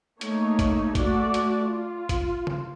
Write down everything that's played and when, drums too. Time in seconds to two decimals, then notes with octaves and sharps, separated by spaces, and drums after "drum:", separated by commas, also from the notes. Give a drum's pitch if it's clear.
0.21 A3 A#3 D#4 C#5, drum: hi-hat
0.59 drum: kick G#1, hi-hat
0.95 A3 F#4 D5, drum: kick G#1, hi-hat
1.34 drum: hi-hat
1.66 F4
2.09 drum: kick G#1, hi-hat
2.47 drum: tom C#3